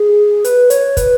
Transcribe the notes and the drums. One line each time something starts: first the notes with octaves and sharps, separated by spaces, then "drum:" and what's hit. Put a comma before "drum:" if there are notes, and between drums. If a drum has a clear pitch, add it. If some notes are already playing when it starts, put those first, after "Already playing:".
Already playing: G#4
B4, drum: hi-hat
C#5, drum: hi-hat
B4, drum: kick, hi-hat